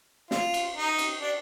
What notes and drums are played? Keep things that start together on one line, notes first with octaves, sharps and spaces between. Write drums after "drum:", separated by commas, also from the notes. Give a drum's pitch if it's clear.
F4, drum: snare
drum: cymbal
D#4
drum: cymbal
D4